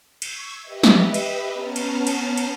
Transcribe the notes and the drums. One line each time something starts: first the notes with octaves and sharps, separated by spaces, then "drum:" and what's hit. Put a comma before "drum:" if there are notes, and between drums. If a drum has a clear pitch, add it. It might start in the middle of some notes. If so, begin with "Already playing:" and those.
C#6 E6 G#6, drum: cymbal
G4 B4 D#5 E5
drum: snare
drum: cymbal
B3 C#4 A5 A#5 F6
drum: cymbal
drum: cymbal
drum: cymbal